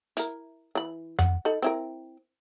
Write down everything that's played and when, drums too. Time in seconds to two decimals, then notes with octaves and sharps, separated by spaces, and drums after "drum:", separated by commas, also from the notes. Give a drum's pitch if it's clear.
0.17 E4 A#4, drum: hi-hat
0.75 E3 B5
1.19 F#5, drum: tom F2
1.45 D#4 A4 B5
1.62 C4 E4 A#4